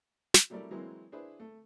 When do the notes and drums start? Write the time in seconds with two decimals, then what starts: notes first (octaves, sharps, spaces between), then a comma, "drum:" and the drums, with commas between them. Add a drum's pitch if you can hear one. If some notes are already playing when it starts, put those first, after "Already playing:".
0.34 drum: snare
0.50 F#3 G3 A3 E4 A#4 D5
0.71 E3 F#3 G#3 A#3 C4 E4
1.12 D4 E4 G#4 B4 C5
1.40 A3